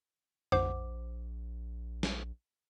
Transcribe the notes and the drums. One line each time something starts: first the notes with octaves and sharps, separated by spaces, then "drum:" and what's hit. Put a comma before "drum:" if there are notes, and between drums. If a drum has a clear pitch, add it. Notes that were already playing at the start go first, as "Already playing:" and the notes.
A#1 C5 F#5 D6, drum: tom F2
drum: snare